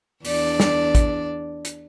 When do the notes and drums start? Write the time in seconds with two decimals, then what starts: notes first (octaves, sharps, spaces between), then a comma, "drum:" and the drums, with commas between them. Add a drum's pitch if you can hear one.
0.25 E2 D4 D5, drum: open hi-hat
0.60 drum: snare
0.95 drum: kick, hi-hat
1.65 drum: hi-hat